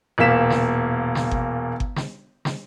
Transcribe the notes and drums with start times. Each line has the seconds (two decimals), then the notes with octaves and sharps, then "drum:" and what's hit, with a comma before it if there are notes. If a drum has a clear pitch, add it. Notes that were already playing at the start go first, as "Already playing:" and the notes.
0.18 E1 A#2 A#3 B6 E7
0.50 drum: snare
1.15 drum: snare
1.31 drum: kick G1
1.80 drum: kick G1
1.96 drum: snare
2.45 drum: snare